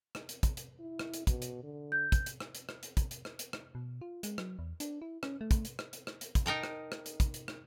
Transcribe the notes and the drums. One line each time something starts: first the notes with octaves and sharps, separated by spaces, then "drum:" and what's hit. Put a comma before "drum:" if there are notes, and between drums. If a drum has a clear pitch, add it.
drum: rim click
drum: hi-hat
drum: kick, hi-hat
drum: hi-hat
E4
drum: rim click
drum: hi-hat
B2, drum: kick, hi-hat
drum: hi-hat
D3
G6
drum: kick, hi-hat
drum: hi-hat
drum: rim click
drum: hi-hat
drum: rim click
drum: hi-hat
drum: kick, hi-hat
drum: hi-hat
drum: rim click
drum: hi-hat
drum: rim click
B2
F4
G#3, drum: hi-hat
F#3, drum: rim click
E2
D4, drum: hi-hat
E4
C#4, drum: rim click
A3
drum: kick, hi-hat
drum: hi-hat
drum: rim click
drum: hi-hat
drum: rim click
drum: hi-hat
drum: kick, hi-hat
D#4 A#4 G5 A5
drum: rim click
drum: rim click
drum: hi-hat
drum: kick, hi-hat
drum: hi-hat
drum: rim click